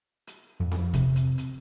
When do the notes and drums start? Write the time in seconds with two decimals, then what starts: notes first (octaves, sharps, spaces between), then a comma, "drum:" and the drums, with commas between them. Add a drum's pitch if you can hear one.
0.27 drum: hi-hat
0.60 F2
0.72 drum: snare C4
0.94 C3, drum: kick, hi-hat
1.16 drum: hi-hat
1.38 drum: hi-hat